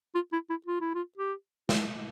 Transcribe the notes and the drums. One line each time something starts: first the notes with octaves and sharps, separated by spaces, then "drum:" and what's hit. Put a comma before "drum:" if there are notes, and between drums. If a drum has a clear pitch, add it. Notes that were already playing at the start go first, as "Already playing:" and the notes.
F4
E4
E4
F4
E4
F4
G4
F4, drum: snare